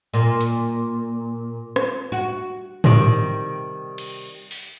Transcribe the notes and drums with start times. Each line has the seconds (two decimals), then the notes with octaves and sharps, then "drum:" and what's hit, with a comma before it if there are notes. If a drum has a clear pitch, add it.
0.14 A#2
0.41 drum: hi-hat
1.76 drum: rim click
2.12 F#4
2.84 C3 D#3 G3 D5, drum: tom
3.98 drum: cymbal
4.51 drum: open hi-hat